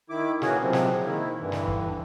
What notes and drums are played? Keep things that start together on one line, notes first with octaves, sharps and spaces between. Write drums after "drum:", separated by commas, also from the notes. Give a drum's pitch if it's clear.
D#3 E4 D6
E3 A#3 C#4 F#4 G#4, drum: snare
C3 F3 F#3 G#3 C4
drum: snare
D#3 A#3 E4
G2 D3 E3
drum: snare
drum: kick